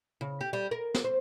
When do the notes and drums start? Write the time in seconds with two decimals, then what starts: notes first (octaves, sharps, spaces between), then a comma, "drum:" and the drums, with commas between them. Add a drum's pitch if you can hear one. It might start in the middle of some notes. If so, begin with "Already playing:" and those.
0.21 C#3
0.41 G4
0.53 G3
0.71 A#4
0.94 drum: snare
1.04 C5